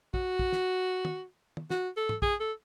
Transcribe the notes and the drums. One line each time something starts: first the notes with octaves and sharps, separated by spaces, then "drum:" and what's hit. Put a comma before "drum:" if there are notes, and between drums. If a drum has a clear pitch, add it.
F#4, drum: kick
drum: kick
drum: snare
drum: tom
drum: tom
F#4, drum: snare
A4
drum: tom
G#4, drum: kick
A4